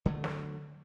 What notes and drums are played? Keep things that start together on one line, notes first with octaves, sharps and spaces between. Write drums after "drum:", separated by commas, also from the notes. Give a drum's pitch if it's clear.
D3 F#3 A3
drum: snare